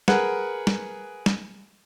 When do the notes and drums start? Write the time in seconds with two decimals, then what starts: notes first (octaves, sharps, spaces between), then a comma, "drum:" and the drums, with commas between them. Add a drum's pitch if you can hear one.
0.08 G#4 A#4 B4 F#5, drum: snare
0.67 drum: snare
1.26 drum: snare